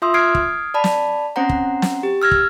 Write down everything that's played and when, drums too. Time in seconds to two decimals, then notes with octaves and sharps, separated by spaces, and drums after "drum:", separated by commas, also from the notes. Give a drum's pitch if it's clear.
0.02 F4 E5 C6 D#6 E6
0.14 D#6 F6 G#6 C7 D7
0.35 drum: kick
0.74 D5 A5 B5
0.84 drum: snare
1.36 C4 C#4 C5 F#5 A#5
1.49 drum: kick
1.82 drum: snare
2.03 G4
2.22 E6 F6 G#6 A#6
2.31 drum: kick